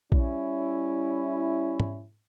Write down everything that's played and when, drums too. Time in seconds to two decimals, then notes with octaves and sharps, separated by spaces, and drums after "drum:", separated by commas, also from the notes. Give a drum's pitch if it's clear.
0.12 G3 C#4 E4, drum: kick A#1
1.80 drum: tom